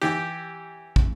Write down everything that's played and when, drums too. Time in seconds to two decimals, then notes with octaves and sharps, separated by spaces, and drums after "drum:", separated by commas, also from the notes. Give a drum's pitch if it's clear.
0.02 E3 G4
0.96 drum: kick